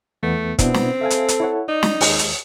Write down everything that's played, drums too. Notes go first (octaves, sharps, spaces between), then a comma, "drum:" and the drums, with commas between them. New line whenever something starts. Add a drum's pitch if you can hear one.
E2 A3 B3
B2 B3 C4 D4 E4, drum: kick, hi-hat
drum: snare
A4 E5 F5 G#5
drum: hi-hat
drum: hi-hat
E4 C#5 F#5
D#4 D5
drum: snare
D#2 G#3, drum: open hi-hat
drum: hi-hat